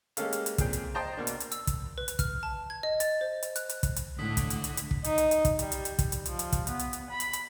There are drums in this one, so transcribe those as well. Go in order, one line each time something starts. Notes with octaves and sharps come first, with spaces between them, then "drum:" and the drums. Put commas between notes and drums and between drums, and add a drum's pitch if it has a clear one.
G#3 A#3 C#4 G4 A4 F5, drum: hi-hat
drum: hi-hat
drum: hi-hat
A#2 C4 G#4 G5, drum: kick, hi-hat
drum: hi-hat
C5 D#5 G5 A5 A#5 C6
B2 A#3 D4
drum: hi-hat
drum: hi-hat
E6, drum: hi-hat
drum: kick, hi-hat
B4
drum: hi-hat
F6, drum: kick, hi-hat
A5
G#6
D#5
A6, drum: hi-hat
C5
drum: hi-hat
F#6, drum: hi-hat
drum: hi-hat
drum: kick, hi-hat
drum: hi-hat
A2 D3 D#6 B6
drum: kick, hi-hat
drum: hi-hat
drum: hi-hat
drum: hi-hat
drum: kick
D#4, drum: hi-hat
drum: hi-hat
drum: hi-hat
drum: kick, hi-hat
G3, drum: hi-hat
drum: hi-hat
drum: hi-hat
drum: kick, hi-hat
drum: hi-hat
F3, drum: hi-hat
drum: hi-hat
drum: kick, hi-hat
B3, drum: hi-hat
drum: hi-hat
drum: hi-hat
B5
drum: hi-hat
drum: hi-hat